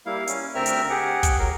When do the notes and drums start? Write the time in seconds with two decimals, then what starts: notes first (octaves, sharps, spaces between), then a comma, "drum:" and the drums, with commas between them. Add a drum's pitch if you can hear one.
0.06 G3 A#3 E4 F5
0.27 C#4, drum: hi-hat
0.55 D2 C4 A#4 E5 F6
0.66 drum: hi-hat
0.90 G4 G#4 F#5
1.23 drum: kick, hi-hat
1.39 F#3 A#4